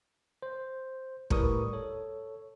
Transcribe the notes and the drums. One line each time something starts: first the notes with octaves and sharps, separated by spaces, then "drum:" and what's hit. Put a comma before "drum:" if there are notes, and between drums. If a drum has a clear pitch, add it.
C5
A2 G3 A#4 B4 C#6 D#6, drum: kick
A4 C#5